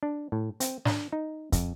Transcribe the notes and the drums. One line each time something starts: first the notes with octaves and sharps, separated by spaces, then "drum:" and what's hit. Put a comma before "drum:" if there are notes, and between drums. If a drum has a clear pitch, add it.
D4
A2
C4, drum: hi-hat
D4, drum: snare
D#4
F2, drum: kick, hi-hat